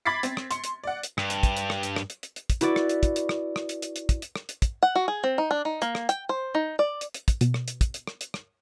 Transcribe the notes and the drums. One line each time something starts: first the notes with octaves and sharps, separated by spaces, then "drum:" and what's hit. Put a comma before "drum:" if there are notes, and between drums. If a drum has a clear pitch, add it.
B5 D6 G#6 A6 B6 C7
C4, drum: hi-hat
drum: rim click
C6 C#7, drum: hi-hat
drum: hi-hat
D5 F#5
drum: hi-hat
G2, drum: rim click
drum: hi-hat
drum: kick, hi-hat
drum: hi-hat
drum: rim click
drum: hi-hat
drum: rim click
drum: hi-hat
drum: hi-hat
drum: hi-hat
drum: kick, hi-hat
E4 F#4 B4 D5, drum: hi-hat
drum: rim click
drum: hi-hat
drum: kick, hi-hat
drum: hi-hat
drum: rim click
drum: rim click
drum: hi-hat
drum: hi-hat
drum: hi-hat
drum: kick, hi-hat
drum: hi-hat
drum: rim click
drum: hi-hat
drum: kick, hi-hat
F#5
F#4
G#4
C4
D#4
D4
D#4
A#3, drum: hi-hat
drum: rim click
G5, drum: hi-hat
C5
D#4
D5
drum: hi-hat
drum: hi-hat
drum: kick, hi-hat
B2, drum: hi-hat
drum: rim click
drum: hi-hat
drum: kick, hi-hat
drum: hi-hat
drum: rim click
drum: hi-hat
drum: rim click